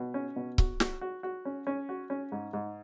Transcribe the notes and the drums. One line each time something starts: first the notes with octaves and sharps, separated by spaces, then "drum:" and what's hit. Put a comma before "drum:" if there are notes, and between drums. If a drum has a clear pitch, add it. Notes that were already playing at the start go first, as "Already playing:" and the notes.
Already playing: B2
C#4
B2
F#4, drum: kick C#1
F#4, drum: snare
F#4
F#4
C#4
C#4
F#4
C#4
G#2
G#2